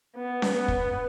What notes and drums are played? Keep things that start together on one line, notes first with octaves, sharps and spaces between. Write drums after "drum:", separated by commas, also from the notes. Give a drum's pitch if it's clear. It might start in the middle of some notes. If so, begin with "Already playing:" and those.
B3
drum: snare C#4
B3
drum: kick